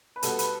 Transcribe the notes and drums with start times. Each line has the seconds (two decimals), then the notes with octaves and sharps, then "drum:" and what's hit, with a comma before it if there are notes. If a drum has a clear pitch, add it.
0.16 B4
0.22 B2 G3 B3 A4, drum: hi-hat
0.39 B4, drum: hi-hat